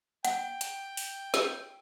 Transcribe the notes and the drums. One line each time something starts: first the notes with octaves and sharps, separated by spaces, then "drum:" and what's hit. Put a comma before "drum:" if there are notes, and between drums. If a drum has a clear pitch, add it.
F#5 G5, drum: hi-hat
drum: hi-hat
drum: open hi-hat
drum: snare